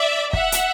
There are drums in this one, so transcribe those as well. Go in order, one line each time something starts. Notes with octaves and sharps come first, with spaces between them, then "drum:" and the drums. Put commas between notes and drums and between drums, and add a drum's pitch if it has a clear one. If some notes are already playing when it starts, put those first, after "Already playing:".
Already playing: D5 E5
E5 F#5, drum: kick
drum: hi-hat